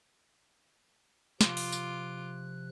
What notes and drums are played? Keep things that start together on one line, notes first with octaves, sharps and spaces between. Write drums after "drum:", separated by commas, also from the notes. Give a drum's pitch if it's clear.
C3 F3 F4 D6 F#6, drum: snare
drum: open hi-hat
drum: tambourine